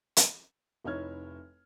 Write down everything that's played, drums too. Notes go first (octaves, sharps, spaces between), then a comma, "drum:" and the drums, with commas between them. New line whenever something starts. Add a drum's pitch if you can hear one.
drum: hi-hat
F1 D#4 E4 C#5 F6 G#6